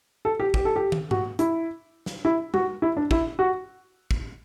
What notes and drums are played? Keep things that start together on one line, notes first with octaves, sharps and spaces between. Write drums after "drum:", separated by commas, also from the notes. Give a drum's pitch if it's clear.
A4
G4
G4, drum: kick
A4
G4
drum: tom
F#4, drum: tom G2
E4, drum: hi-hat
drum: snare
E4
F#4, drum: tom
E4
D4
E4, drum: kick
F#4
drum: kick